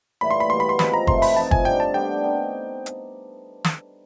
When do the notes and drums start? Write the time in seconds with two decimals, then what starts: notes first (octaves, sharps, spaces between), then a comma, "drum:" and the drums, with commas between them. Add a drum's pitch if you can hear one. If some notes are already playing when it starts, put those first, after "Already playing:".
0.21 A2 E3 G3 A#3 B5
0.31 C6
0.40 B5
0.50 B2 G3 B3 C6
0.60 B5
0.69 C6
0.79 F3 G#3 C4 B5, drum: snare
0.94 A#5
1.07 C3 E3 A3 C4 C6, drum: kick
1.22 B5, drum: open hi-hat
1.36 F3 A3 C4 D#4 A5
1.51 G#5, drum: kick
1.65 D3 G3 C4 G5
1.80 A5
1.94 D3 G3 B3 D4 G5
2.23 C4 D#4
2.86 drum: hi-hat
3.64 drum: snare